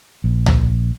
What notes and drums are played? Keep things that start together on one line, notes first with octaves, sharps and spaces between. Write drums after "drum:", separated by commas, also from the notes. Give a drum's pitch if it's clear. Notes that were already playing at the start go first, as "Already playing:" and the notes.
A#1
drum: tom C#2